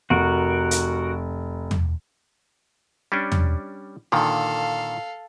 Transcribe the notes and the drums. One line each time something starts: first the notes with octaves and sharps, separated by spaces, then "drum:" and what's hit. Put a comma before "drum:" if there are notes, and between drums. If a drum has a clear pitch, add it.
F1 F#4 A#4
drum: hi-hat
drum: tom
G3 C#4 D4
drum: tom
A#2 D3 D#3 A4 F5